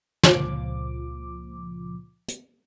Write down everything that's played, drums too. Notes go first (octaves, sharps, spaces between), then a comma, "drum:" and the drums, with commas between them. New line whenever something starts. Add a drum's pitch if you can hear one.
C#2 A#2 F3 D6, drum: snare
drum: hi-hat